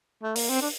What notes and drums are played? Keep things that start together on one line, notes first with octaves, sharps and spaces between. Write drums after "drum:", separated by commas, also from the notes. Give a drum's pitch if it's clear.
A3
A#3, drum: open hi-hat
C4
D4